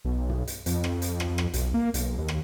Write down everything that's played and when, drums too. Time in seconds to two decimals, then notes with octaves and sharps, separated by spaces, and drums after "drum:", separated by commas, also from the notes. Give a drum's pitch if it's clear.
0.05 B1
0.29 drum: tom
0.47 drum: hi-hat
0.66 F2, drum: hi-hat
0.84 drum: rim click
1.02 drum: hi-hat
1.20 drum: rim click
1.38 drum: rim click
1.54 B1, drum: hi-hat
1.74 A#3
1.94 B1, drum: hi-hat
2.18 D#2
2.28 drum: rim click